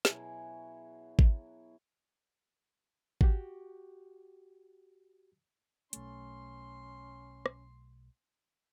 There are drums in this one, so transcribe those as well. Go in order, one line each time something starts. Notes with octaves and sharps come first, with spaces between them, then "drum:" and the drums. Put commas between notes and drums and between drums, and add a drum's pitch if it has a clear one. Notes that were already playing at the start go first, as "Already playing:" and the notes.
B2 F#3 E4 G#4, drum: snare
drum: kick G#1
F#4 G4, drum: kick G#1
B1 A3 C#4 C6, drum: hi-hat
drum: rim click